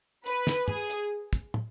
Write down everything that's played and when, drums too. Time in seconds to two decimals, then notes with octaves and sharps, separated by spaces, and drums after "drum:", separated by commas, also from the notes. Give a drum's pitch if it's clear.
0.26 B4, drum: hi-hat
0.47 drum: snare
0.68 G#4, drum: tom
0.90 drum: hi-hat
1.33 drum: kick, hi-hat
1.54 drum: tom